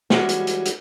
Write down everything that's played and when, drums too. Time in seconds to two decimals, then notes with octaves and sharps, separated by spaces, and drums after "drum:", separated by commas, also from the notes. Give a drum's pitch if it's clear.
0.10 E3 G3 G#3 C#4 F#4, drum: snare
0.29 drum: hi-hat
0.47 drum: hi-hat
0.65 drum: hi-hat